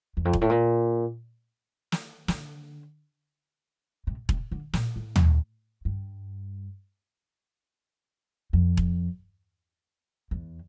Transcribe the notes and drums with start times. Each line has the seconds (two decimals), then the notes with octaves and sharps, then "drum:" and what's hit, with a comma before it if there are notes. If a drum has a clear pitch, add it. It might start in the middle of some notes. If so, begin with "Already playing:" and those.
0.17 E2
0.25 F2
0.33 G2, drum: kick E1
0.41 A2
0.49 A#2
1.92 drum: snare
2.28 D3, drum: snare
4.07 C3
4.29 C3, drum: kick E1
4.52 D3
4.73 A#2, drum: snare
4.96 A2
5.16 drum: tom
5.85 G2
8.53 F2
8.77 drum: kick E1
10.31 E2